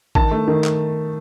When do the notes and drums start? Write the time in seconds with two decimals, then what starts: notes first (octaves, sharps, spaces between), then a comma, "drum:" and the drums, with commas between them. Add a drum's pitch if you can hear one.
0.15 D#3 A5, drum: kick
0.31 A3
0.48 D#3
0.64 drum: clap